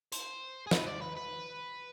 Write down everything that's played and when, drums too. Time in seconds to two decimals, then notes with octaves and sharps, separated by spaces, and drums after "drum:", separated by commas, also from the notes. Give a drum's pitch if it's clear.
0.12 C5, drum: hi-hat
0.67 G#4
0.71 B4, drum: snare
0.86 D5
1.01 B4
1.15 B4